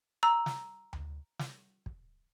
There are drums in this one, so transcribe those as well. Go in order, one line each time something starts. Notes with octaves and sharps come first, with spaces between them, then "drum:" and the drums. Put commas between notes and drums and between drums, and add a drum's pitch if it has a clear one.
A#5 E6
drum: snare
drum: tom D2
drum: snare
drum: kick